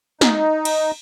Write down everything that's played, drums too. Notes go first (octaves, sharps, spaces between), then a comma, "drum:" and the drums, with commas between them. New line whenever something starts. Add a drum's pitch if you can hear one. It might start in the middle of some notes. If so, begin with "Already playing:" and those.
D#4, drum: snare
drum: cymbal